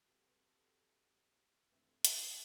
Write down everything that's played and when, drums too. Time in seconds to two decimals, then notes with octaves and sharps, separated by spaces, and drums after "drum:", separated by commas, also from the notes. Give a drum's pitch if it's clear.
0.05 C3 G3 C4 F#4 A4
0.27 G4 B4
0.47 F#4 A4
0.67 G4
1.70 G2 E3 A3 C4 E4
2.05 drum: hi-hat